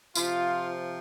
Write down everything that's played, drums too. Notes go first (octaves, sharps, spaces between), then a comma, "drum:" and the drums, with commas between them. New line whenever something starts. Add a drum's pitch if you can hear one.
C3 F3 F4, drum: tambourine